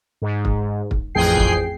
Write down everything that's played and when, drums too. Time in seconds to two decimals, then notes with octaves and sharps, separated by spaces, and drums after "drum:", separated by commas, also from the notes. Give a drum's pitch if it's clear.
0.22 G#2
0.45 drum: kick
0.91 drum: kick
1.15 A1 F2 G#4 G5 C7
1.37 drum: kick